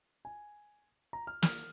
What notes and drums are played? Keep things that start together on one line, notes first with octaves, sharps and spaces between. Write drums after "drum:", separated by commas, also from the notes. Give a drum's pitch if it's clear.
G#5
A#5
F6
F6, drum: snare